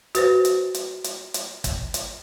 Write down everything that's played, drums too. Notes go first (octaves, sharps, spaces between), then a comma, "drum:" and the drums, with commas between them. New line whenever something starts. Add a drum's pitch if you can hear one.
F#4 B4 C5, drum: hi-hat
drum: hi-hat
drum: hi-hat
drum: hi-hat
drum: hi-hat
drum: kick G1, hi-hat
drum: hi-hat